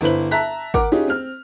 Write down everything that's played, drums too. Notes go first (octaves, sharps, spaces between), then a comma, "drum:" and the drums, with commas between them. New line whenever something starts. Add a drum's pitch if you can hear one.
G1 E4 B4 C5 F#7
E5 A5 A#5 F#6 B6
A#4 F#5 D6, drum: kick G#1
C#4 D#4 F4 G4 G#4
C4 F6